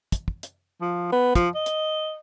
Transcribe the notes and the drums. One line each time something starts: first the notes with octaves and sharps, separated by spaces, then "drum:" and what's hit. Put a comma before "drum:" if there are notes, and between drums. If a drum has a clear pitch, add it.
drum: kick, hi-hat
drum: kick
drum: hi-hat
F3
B3
F3, drum: kick, hi-hat
D#5
drum: hi-hat